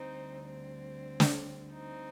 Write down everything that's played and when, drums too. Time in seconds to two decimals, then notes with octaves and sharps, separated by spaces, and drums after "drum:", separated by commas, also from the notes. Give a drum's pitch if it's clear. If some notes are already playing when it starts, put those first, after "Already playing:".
Already playing: D2 D3 G3 C4 D#4
0.43 C4
1.20 drum: snare
1.72 C4 D#4